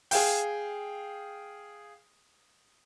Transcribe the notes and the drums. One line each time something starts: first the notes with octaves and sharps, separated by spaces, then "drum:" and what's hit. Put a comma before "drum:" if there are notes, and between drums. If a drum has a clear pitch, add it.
G#4 F5 G5, drum: open hi-hat